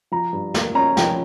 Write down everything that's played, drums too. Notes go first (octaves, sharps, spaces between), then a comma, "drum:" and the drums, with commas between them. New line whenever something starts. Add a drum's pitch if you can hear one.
F3 A#5
G2
A#3, drum: snare
C#4 A#5
F3 G5, drum: snare